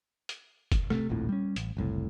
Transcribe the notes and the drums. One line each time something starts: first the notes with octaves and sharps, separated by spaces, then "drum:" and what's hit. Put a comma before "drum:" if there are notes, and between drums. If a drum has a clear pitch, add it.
drum: hi-hat
drum: kick, hi-hat
C3 A3, drum: rim click
D#1 A#1 F2 A2
G3 C#4
A1, drum: hi-hat
F#1 C2 A2